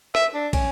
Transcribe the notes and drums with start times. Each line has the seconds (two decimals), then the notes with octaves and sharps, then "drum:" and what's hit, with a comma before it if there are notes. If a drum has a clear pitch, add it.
0.15 E5, drum: rim click
0.34 D4
0.53 C#4, drum: kick, cymbal